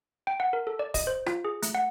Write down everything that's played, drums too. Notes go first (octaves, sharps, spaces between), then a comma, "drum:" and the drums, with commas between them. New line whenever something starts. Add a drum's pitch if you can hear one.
G5
F#5
A#4
A4
D5
D#5, drum: kick, open hi-hat
C5
F4, drum: rim click
G#4
A3, drum: hi-hat
F#5